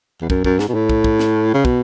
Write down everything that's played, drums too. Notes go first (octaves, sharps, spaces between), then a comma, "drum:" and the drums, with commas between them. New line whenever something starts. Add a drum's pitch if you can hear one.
E2
F#2, drum: kick
F#2, drum: kick
G#2, drum: snare
B2
A2
drum: kick
drum: kick
drum: snare
C#3
B2, drum: kick